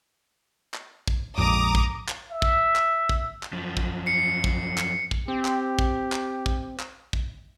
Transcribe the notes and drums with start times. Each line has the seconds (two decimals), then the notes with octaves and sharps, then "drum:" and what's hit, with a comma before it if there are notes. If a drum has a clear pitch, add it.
0.74 drum: clap
1.08 drum: kick
1.38 A#1 F2 G#2 A#5 D6 D#6
1.75 drum: kick
2.08 drum: clap
2.31 E5
2.42 drum: kick
2.76 drum: clap
3.09 drum: kick
3.43 drum: clap
3.53 F#2 F3
3.77 drum: kick
4.06 C7 C#7
4.44 drum: kick
4.78 drum: clap
5.11 drum: kick
5.28 C4 G4
5.45 drum: clap
5.79 drum: kick
6.12 drum: clap
6.46 drum: kick
6.80 drum: clap
7.13 drum: kick